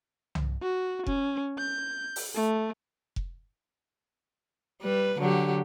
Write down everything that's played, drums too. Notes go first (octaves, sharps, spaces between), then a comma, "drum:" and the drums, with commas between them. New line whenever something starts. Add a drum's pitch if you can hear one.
drum: tom C2
F#4
C#4, drum: kick F1
G6
drum: open hi-hat
A3
drum: kick F1
G3 B4
D3 F#3 G4